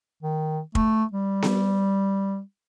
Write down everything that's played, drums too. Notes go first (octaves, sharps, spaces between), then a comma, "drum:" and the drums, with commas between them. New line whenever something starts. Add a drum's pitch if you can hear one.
D#3
A3, drum: kick
G3
drum: snare B3